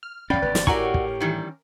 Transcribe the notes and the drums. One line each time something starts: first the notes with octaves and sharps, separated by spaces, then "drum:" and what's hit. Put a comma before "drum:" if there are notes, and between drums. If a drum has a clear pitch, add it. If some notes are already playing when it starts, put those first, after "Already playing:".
F6
E2 C#3 C#4 D5 F5 G5 B5
G1 B4
drum: snare
A2 C#4 E4 F#4 G4 A#4 D5 C#6, drum: kick
drum: kick
D#3 E3 G3